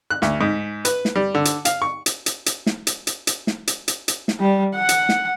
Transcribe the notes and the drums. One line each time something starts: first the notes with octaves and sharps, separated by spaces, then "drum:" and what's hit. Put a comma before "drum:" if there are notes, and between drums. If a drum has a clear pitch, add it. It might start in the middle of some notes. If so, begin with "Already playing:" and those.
F#6
D2, drum: snare
G#2
B4, drum: hi-hat
drum: snare
G3
D3
drum: hi-hat
F5, drum: hi-hat
C#6
drum: hi-hat
drum: hi-hat
drum: hi-hat
drum: snare
drum: hi-hat
drum: hi-hat
drum: hi-hat
drum: snare
drum: hi-hat
drum: hi-hat
drum: hi-hat
drum: snare
G3
F#5
drum: hi-hat
drum: snare